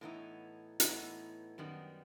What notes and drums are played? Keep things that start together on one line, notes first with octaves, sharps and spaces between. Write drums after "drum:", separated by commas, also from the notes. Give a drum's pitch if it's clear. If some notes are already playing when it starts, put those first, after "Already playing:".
A2 E3 B3 D#4
A2 E3 B3 D#4, drum: hi-hat
F#2 D#3 G3 B3